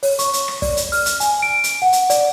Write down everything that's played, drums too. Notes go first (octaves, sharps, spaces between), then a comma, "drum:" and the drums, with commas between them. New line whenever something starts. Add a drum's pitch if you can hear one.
C#5, drum: open hi-hat
C#6, drum: hi-hat
drum: hi-hat
drum: rim click
D5, drum: kick, open hi-hat
drum: hi-hat
F6, drum: open hi-hat
drum: hi-hat
G#5, drum: hi-hat
D7
drum: hi-hat
F#5
drum: hi-hat
D5, drum: hi-hat